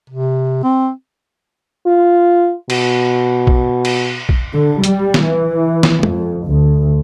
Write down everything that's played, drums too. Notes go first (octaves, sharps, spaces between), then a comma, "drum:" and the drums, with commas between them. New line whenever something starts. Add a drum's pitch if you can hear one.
C3
C4
F4
B2, drum: cymbal
drum: kick A#1
drum: cymbal
drum: kick A#1
D3
G3, drum: hi-hat
drum: snare
E3
drum: snare
F2, drum: tom
D2